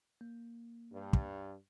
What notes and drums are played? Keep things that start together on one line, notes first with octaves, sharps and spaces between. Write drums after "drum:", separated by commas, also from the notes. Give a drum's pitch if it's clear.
A#3
G2
drum: kick